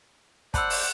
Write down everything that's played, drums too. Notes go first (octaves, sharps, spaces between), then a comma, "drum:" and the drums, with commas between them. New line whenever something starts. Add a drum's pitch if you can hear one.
C5 D5 F#5 A5 B5 E6, drum: kick, hi-hat
drum: open hi-hat